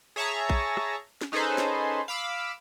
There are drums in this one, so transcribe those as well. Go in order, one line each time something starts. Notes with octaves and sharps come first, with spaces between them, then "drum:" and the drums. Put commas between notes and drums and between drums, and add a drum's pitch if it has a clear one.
G#4 C#5 E5 A5 A#5 C#6
drum: kick A#1
drum: rim click
drum: snare
C#4 D#4 G#4 A4 B4 C5
drum: snare
F5 B5 D6 E6